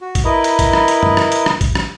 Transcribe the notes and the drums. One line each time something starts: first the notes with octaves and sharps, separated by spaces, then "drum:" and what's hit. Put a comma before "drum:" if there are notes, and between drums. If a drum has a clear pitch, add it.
F#4
drum: kick A1, hi-hat
E4 A#4 B4 D#5
drum: hi-hat
drum: kick A1, hi-hat
drum: rim click
drum: hi-hat
drum: tom F#2
drum: rim click
drum: hi-hat
drum: rim click
drum: kick A1, hi-hat
drum: rim click